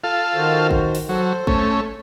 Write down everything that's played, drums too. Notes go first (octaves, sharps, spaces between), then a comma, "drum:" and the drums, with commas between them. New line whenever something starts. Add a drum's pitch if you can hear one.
F4 A4 F5
D#3 F#4 C5
drum: kick
drum: open hi-hat
F#3 A4 C5
A3 C#4, drum: kick